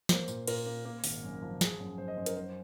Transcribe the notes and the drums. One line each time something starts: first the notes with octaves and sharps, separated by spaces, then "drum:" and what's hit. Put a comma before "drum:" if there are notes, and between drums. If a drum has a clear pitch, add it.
A#3 C5, drum: snare
A#2, drum: tambourine
A#2 A#4, drum: cymbal
A#3
A#3
G#1, drum: open hi-hat
F#2
F3
F3 G#4, drum: snare
F#2
F#2 C5
D#5
F#2 C5
A#4, drum: hi-hat
F#3 C5